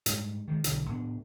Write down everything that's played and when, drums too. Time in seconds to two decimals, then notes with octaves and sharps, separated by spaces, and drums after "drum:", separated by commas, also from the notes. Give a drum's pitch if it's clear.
0.06 G#2 G3, drum: hi-hat
0.48 D#3 G#3
0.64 B1 D3 E3, drum: hi-hat
0.90 A2 B3 D4